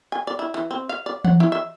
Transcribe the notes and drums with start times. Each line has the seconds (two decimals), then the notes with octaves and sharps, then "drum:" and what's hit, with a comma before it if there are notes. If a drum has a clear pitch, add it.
0.12 G#5
0.27 D5
0.39 E4
0.54 E3
0.71 C4
0.89 F5
1.06 D5
1.24 F#5, drum: tom E3
1.40 E4
1.52 E5